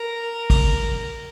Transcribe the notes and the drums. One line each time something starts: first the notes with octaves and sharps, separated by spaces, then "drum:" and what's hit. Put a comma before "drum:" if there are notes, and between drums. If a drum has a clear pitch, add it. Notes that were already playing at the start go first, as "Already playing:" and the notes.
Already playing: A#4
drum: kick A1, open hi-hat